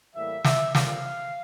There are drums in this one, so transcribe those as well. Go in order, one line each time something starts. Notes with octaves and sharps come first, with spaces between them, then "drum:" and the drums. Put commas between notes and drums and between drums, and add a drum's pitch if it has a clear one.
A2 E3 G3 A#3 E5
E5, drum: snare
F2 D3 G3 A#3 F5, drum: snare